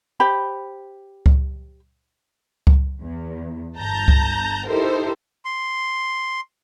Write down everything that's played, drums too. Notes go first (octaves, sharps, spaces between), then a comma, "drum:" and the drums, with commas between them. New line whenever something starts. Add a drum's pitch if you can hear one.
G4 C5 B5
drum: kick C#2
drum: kick C#2
E2
G1 A5 A#5 G6
drum: kick C#2
D#4 E4 G4 A4 A#4 C5
C6